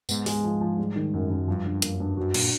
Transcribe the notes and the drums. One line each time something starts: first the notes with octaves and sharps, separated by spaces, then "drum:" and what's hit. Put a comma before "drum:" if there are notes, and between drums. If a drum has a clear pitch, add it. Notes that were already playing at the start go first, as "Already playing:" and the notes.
G#2 B3, drum: tambourine
G#3, drum: open hi-hat
F3
F3
G3
D#3
F#2
F#2
G2 F3
D3
G2
A#3, drum: hi-hat
F#2
G2
F#2 F#4
A#2 D4, drum: cymbal